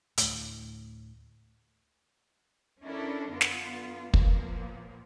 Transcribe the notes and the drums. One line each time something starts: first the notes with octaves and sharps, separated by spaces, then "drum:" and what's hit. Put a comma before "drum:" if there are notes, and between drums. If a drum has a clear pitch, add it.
D2 A2, drum: hi-hat
C#4 D4 E4 A4 A#4
F#2 D3 B3 F4
drum: snare
A#2 F3 A#3 B3, drum: kick